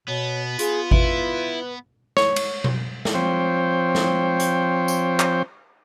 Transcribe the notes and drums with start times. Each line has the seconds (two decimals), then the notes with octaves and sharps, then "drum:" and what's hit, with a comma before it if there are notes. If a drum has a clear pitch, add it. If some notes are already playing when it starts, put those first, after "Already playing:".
0.08 B2 B3 C#5
0.59 F4 G#4, drum: hi-hat
0.91 E4 B4, drum: kick G#1
2.17 C#5, drum: snare
2.36 drum: cymbal
2.64 drum: tom B2
3.05 drum: snare
3.14 F3 C4 C5 C#5 G5
3.95 drum: snare
4.40 drum: hi-hat
4.88 drum: tambourine
5.20 drum: clap